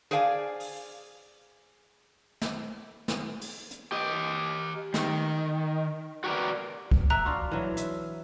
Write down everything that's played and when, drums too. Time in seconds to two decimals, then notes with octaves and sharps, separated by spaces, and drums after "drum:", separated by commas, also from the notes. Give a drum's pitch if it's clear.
0.11 G#4 C5 D5 F5 G5 G#5
0.60 drum: open hi-hat
2.42 drum: snare
3.08 drum: snare
3.41 drum: open hi-hat
3.71 drum: hi-hat
3.92 G4 D#5
4.94 D#3, drum: snare
6.24 F#4 G4 A#4 B4 D5
6.91 drum: kick
7.10 E5 A#5 F#6
7.25 D4 F4 F#4
7.51 E3 F#3
7.77 E5, drum: hi-hat